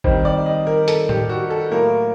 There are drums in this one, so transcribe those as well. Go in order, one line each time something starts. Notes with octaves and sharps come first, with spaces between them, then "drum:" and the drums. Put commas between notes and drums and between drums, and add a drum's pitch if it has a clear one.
D#3 G3 C4 C5, drum: kick
D5
D#5
A#4
A4, drum: hi-hat
G4, drum: tom A2
F#4
A4
A2 F#3 A#3 A#4